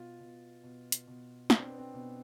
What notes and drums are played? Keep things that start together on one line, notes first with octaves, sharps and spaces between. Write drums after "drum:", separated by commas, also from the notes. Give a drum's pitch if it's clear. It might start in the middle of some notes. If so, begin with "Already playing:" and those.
Already playing: B2 F4
B2
B2
drum: hi-hat
B2
B2 D4, drum: snare
C4
B3
C4
B2